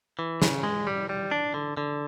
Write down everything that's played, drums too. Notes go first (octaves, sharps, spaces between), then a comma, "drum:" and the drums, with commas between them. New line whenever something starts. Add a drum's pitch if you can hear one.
E3
C#3, drum: snare
G#3
G3
G3
D4
D3
D3